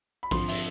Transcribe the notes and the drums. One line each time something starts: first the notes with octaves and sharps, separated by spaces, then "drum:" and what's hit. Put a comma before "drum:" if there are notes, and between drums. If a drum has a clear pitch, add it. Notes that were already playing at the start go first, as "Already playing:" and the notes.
B5
F2 D3 F3 C6, drum: kick A#1, open hi-hat
E5, drum: open hi-hat